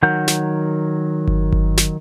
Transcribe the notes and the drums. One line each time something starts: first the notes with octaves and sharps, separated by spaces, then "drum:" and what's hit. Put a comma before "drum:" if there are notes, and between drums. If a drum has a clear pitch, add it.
D#3 F#3 A#4 F#5 G6
drum: snare
drum: kick G1
drum: kick G1
drum: snare